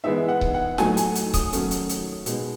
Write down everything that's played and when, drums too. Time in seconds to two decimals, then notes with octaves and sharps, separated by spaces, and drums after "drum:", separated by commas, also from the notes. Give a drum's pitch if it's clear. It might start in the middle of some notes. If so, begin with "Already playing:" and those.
0.04 E3 G#3 B3 D#4 E5
0.28 F#5
0.41 drum: kick C#1
0.54 F#5
0.78 A2 F#3 A3 D#4 G#5, drum: snare
0.97 G#5, drum: hi-hat
1.15 drum: hi-hat
1.34 D#6, drum: kick C#1, hi-hat
1.53 D#3 F#3 A3 C#4, drum: hi-hat
1.71 drum: hi-hat
1.89 drum: hi-hat
2.26 B2 G#3 D#4, drum: hi-hat